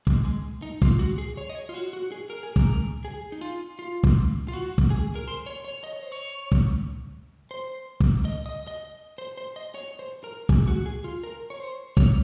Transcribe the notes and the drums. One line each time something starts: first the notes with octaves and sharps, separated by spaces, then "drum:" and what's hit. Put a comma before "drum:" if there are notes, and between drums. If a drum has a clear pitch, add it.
G#3, drum: kick
G#3
D#4
F4, drum: kick
F#4
G#4
C#5
D#5
C#5
F4
F#4
F#4
G#4
A#4
G#4
A#4, drum: kick
G#4
D#4
F4
F4
drum: kick
F4
F#4
drum: kick
G#4
A#4
C5
C#5
C#5
D#5
C#5
C5
C#5
drum: kick
C5
drum: kick
D#5
D#5
D#5
C5
C5
D#5
C#5
C5
A#4
G#4, drum: kick
F#4
G#4
F4
A#4
C#5
C5
C#5, drum: kick